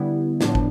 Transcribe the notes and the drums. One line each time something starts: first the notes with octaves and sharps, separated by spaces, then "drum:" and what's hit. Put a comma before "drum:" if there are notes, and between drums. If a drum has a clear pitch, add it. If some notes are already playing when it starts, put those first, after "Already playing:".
Already playing: D3 G3 B3 E4
A2 F3 B3 D4, drum: snare
drum: kick